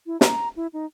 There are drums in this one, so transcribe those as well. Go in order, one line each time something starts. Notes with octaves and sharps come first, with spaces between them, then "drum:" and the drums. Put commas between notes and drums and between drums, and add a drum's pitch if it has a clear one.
E4
A#5, drum: snare
E4
D#4